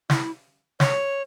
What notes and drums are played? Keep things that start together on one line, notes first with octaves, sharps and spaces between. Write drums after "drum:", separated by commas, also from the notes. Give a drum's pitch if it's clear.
E4, drum: snare
C#5, drum: snare